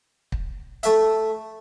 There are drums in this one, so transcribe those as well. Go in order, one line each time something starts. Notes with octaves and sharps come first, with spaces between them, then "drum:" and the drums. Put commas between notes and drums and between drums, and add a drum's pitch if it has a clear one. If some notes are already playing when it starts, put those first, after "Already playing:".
drum: kick
A3 E5, drum: hi-hat